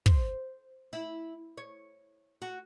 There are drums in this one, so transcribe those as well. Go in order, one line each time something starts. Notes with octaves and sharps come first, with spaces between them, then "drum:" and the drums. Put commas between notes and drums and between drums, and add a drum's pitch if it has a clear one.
C5, drum: kick
E4
C#5
F#4